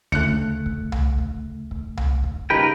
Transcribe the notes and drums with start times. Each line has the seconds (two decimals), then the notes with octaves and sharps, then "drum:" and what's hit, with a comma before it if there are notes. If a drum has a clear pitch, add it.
0.12 D2 C#3 A3 F#6 C#7, drum: kick
0.66 drum: kick
0.92 drum: tom C2
1.18 drum: kick
1.71 drum: kick
1.97 drum: tom C2
2.24 drum: kick
2.50 C#3 G3 D#4 A#4 B4 G5